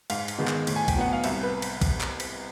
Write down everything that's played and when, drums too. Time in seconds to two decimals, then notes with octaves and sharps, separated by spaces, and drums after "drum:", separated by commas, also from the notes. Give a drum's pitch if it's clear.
0.10 G#2 F5, drum: cymbal
0.28 drum: cymbal
0.38 D#3 G#3 B3
0.47 drum: clap
0.67 A2, drum: cymbal
0.76 G#5
0.88 G5, drum: kick A1, cymbal
0.96 F#3 B3 F#5
1.13 F5
1.24 C2 E5, drum: cymbal
1.43 B4
1.62 drum: cymbal
1.81 drum: kick A1, cymbal
2.01 drum: clap
2.20 drum: cymbal